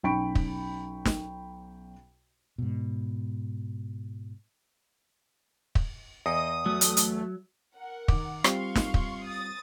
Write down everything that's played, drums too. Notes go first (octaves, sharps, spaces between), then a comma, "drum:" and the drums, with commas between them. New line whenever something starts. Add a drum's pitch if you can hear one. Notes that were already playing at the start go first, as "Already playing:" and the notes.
B1 C#4 G5 B5 C#6 D7
drum: kick
drum: snare
G#2 B2
drum: kick
E2 D#5 D#6
F#3 A3
drum: hi-hat
drum: hi-hat
A#4 F#5
D#3 D6, drum: kick
G3 C4 F4 F5 C6 C#6, drum: rim click
drum: snare
drum: kick
D#6 A6